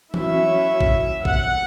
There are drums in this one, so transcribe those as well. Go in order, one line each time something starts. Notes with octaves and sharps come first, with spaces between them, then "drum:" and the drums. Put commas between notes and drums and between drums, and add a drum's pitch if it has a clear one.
F#3 C#4 E4 E5, drum: tom E3
drum: kick A#1
F#5, drum: kick A#1